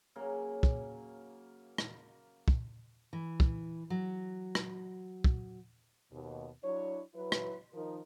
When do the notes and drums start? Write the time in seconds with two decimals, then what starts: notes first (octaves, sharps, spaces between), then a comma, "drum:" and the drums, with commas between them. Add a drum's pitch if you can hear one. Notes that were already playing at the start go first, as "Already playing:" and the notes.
0.16 C#3 F#3 A#3
0.63 drum: kick
1.78 drum: rim click
2.48 drum: kick
3.13 E3
3.40 drum: kick
3.90 F#3
4.55 drum: rim click
5.24 drum: kick
6.10 D#2 B2
6.63 F#3 D4 E4 C#5
7.14 F#3 E4 B4
7.32 drum: rim click
7.74 D#3 F3 D#4 A#4